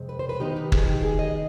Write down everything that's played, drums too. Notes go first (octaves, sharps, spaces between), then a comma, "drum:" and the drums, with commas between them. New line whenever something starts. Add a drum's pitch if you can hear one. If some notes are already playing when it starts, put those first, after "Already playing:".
Already playing: F2 C3 G#3 C4
B4
C5
B4
D#3 B3 D#4 G4
G4
G#4, drum: kick
G4
G#4
D#5